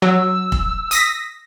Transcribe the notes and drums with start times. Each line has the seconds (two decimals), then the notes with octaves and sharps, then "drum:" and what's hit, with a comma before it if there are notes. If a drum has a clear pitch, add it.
0.02 F#3 E6
0.52 drum: kick
0.91 D#6 A#6 B6, drum: hi-hat